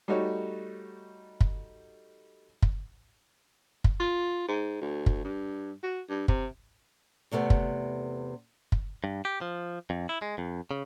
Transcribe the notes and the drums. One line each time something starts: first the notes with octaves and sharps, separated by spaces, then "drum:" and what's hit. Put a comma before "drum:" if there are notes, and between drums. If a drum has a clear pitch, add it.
G3 A3 D#4 F#4 C#5
drum: kick
drum: kick
drum: kick
F4
G#2
D2
drum: kick
G2
F#4
G2
C3, drum: kick
E2 C3 A3 B3
drum: kick
drum: kick
G2
G4
F3
F2
E4
G#3
F2
C#3